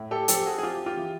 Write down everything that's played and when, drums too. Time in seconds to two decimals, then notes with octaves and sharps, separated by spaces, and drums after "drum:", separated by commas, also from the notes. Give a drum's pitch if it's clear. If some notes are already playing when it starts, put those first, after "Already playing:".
Already playing: A2
0.11 G4 A4
0.28 F3 G4 A4, drum: hi-hat
0.46 F#4 G#4
0.58 G#4
0.63 C4 F4 G4
0.86 F4 G4
0.97 E3